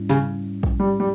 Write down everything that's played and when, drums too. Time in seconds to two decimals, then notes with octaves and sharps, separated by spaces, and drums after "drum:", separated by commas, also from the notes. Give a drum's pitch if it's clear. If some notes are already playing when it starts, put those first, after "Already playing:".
Already playing: G#2 G3 C#4 E4
0.09 C#3, drum: snare
0.63 drum: kick
0.80 G3
1.00 G3